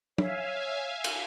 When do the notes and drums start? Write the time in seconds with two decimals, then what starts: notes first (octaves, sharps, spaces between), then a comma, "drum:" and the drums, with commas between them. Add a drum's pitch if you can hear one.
0.18 C#5 E5 F5 G#5, drum: tom
1.04 drum: cymbal